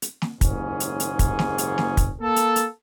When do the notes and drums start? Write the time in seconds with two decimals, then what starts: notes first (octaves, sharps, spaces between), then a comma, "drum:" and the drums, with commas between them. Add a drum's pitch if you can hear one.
0.02 drum: hi-hat
0.22 drum: snare
0.41 F#1 D#2 G#2 C#4 G#4, drum: kick, hi-hat
0.80 drum: hi-hat
1.00 drum: hi-hat
1.19 drum: kick, hi-hat
1.39 drum: snare
1.58 drum: hi-hat
1.78 drum: snare
1.97 drum: kick, hi-hat
2.21 A#3 A4
2.36 drum: hi-hat
2.56 drum: hi-hat